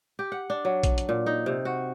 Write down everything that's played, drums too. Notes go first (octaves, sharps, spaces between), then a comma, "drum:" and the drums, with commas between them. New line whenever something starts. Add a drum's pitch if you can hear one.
G4
F#5
D4
F#3
drum: kick A#1, hi-hat
drum: hi-hat
A#2
D#4
C3
F#4